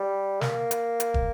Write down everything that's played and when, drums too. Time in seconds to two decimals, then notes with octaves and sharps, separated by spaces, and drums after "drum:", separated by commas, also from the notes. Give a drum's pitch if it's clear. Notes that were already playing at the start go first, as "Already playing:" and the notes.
Already playing: G3
0.41 A#3, drum: snare
0.71 drum: hi-hat
1.00 drum: hi-hat
1.14 drum: kick